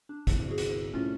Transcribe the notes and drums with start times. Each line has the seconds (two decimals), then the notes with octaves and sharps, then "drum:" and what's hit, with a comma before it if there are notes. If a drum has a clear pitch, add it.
0.09 D4
0.27 G1 C2, drum: kick, hi-hat
0.48 F#4 G#4
0.58 drum: hi-hat
0.93 C2 A2 C#4 F4